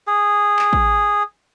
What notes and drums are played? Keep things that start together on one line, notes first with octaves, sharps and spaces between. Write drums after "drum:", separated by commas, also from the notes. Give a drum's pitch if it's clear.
G#4
drum: clap
drum: kick